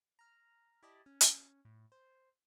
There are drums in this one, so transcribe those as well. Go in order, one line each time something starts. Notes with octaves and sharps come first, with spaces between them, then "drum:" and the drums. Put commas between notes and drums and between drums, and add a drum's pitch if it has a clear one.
A#5 F6
E4 G4 D5 D#5 A5
C#4
drum: hi-hat
A2
C5